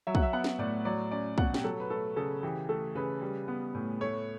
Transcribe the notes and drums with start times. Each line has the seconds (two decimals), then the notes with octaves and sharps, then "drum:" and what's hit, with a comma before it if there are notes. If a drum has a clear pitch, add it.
0.07 F#3 E5
0.15 F#5, drum: kick
0.22 E5
0.33 B3 F#5
0.44 drum: snare
0.59 A2 D5
0.85 F#3 D5
1.11 C#4 D5
1.38 B2 F#5, drum: kick
1.54 G4, drum: snare
1.64 F#3 A4
1.80 B4
1.90 A3 A4
2.16 C#3 A4
2.43 E3 G4
2.69 A3 A4
2.95 C#3 B4
3.21 G3
3.48 B3
3.75 A2
4.01 A3 C#5